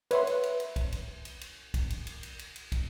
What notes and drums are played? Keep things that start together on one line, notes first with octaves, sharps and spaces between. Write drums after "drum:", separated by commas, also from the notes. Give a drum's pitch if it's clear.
B4 C#5 E5 F#5 C6, drum: cymbal
drum: cymbal
drum: cymbal
drum: cymbal
drum: kick, cymbal
drum: cymbal
drum: cymbal
drum: cymbal
drum: kick, cymbal
drum: cymbal
drum: cymbal
drum: cymbal
drum: cymbal
drum: cymbal
drum: kick, cymbal